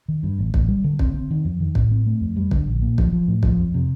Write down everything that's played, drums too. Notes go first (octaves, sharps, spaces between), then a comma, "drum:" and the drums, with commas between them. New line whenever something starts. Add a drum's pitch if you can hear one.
D#3
G2
A1
A1, drum: kick
G3
D3
C4, drum: kick
C4
D#3
F2
D#3
A2, drum: kick
C4
A3
F2
G3
D3, drum: kick
A#1
A#2
F3, drum: kick
F3
A2
F3, drum: kick
F2
C3